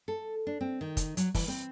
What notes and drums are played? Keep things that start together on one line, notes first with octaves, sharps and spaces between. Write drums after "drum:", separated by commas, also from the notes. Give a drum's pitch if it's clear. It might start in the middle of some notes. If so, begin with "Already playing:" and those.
A4
D4
C4
D#3
drum: kick, hi-hat
F#3, drum: hi-hat
E3, drum: kick, open hi-hat
C4